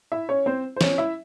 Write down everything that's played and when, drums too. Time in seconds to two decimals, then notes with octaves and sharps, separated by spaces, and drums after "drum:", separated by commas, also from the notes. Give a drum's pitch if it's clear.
0.12 E4 E5
0.29 C#4 C#5
0.46 C4 C5
0.76 C5
0.81 C#4 C#5, drum: snare
0.98 E4 E5